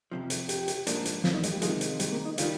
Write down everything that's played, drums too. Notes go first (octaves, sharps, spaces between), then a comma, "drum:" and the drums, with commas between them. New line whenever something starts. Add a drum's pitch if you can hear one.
F2 C3 F3
drum: hi-hat
G4, drum: hi-hat
drum: hi-hat
G#2 F3 A#3 D4, drum: hi-hat
drum: hi-hat
F4, drum: snare
D#4
G#3, drum: hi-hat
G3
C3 D#3 F3 G#3, drum: hi-hat
drum: hi-hat
G3, drum: hi-hat
A#3
D#4
D#3 G3 F4, drum: hi-hat